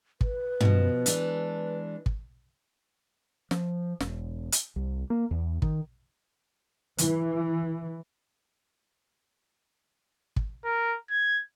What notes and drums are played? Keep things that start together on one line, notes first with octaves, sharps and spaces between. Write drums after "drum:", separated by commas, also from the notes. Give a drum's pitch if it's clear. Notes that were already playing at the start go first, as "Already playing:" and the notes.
B4, drum: kick
B2 F3, drum: tom
E3 G#3 D4, drum: hi-hat
drum: kick
F3, drum: snare
E1, drum: snare
drum: hi-hat
C2
A#3
E2
D#3, drum: kick
E3, drum: hi-hat
drum: kick
A#4
G#6